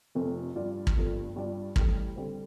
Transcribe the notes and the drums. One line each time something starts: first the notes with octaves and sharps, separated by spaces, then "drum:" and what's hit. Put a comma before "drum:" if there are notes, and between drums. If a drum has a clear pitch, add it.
F1 F2 C3 F3 A3
G2 G3 F4 D5
drum: kick
G1 G2 F3 A3
G2 G3 F4 D5
A1 A2 G3, drum: kick
D3 G3 C4